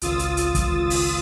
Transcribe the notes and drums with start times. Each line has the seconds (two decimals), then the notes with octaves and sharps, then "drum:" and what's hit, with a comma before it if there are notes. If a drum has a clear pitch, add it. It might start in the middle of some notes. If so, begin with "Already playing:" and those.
0.01 G#1 C#2 F4 D#6 E6 A6, drum: hi-hat
0.19 drum: hi-hat
0.37 drum: hi-hat
0.55 drum: kick, hi-hat
0.90 drum: open hi-hat